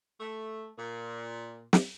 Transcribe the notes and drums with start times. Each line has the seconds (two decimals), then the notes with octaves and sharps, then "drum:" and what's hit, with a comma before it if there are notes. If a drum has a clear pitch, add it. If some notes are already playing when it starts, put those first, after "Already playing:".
0.20 A3
0.78 A#2
1.73 drum: snare